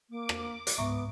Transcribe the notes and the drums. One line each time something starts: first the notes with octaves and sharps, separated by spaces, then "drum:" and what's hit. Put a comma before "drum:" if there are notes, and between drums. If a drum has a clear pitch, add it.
A#3 D6
drum: rim click
drum: hi-hat
C#2 G#2 B3 E5 A#5 C#6